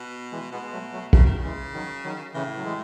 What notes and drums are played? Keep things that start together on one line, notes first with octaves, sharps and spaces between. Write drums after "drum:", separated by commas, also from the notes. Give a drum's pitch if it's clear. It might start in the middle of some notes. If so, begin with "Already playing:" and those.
Already playing: B2
E3 G#3
B2 G#3 B3
G#3
F#3 A3
F#3 A3
C#3 F#3 A3, drum: kick
D#3
C#3
E3 G#3
D#3 F#3
D#3 F#3
A2 C#3 E3
F#3
E3 G#3